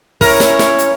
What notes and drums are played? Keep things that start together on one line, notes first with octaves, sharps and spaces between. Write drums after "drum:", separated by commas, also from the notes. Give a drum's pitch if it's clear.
C#4 E4 A#4 C#5, drum: kick, open hi-hat
drum: snare
drum: snare
drum: hi-hat